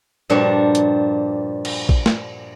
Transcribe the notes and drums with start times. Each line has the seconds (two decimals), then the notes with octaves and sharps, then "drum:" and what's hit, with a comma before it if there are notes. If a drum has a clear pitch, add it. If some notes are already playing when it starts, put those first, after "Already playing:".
0.30 G2 A#2 F3 G3 D4 F#4
0.75 drum: hi-hat
1.65 drum: cymbal
1.89 drum: kick
2.06 drum: snare